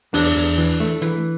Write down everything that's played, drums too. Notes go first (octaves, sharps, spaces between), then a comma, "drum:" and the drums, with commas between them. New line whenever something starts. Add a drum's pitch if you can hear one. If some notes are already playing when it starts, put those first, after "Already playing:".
E2 D4, drum: open hi-hat
E2
E3
A3
E3, drum: hi-hat